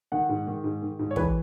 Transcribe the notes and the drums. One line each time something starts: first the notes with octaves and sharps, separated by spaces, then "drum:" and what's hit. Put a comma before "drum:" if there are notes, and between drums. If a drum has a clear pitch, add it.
D#3 F#5
G#2
D#3
G#2
D#3
G#2
C#5
E3 B4, drum: kick